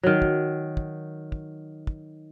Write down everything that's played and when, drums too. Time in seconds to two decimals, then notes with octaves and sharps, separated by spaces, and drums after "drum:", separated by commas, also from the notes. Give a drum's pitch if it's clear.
0.03 D#3 F#3
0.22 drum: kick
0.77 drum: kick
1.32 drum: kick
1.87 drum: kick